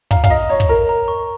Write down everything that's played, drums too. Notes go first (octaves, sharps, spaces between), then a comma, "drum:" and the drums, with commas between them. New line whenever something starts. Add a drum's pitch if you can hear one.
F5 A#5, drum: kick
F5, drum: kick
D#5 A#5
C#5 A#5
drum: kick
A#4 A#5
A#5
C#6